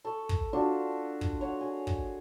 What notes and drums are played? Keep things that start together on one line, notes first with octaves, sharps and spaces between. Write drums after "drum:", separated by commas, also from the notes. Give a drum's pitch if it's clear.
A4 C#6
drum: kick
D4 F4 F#4
drum: kick
C#5 F#5
G#4
drum: kick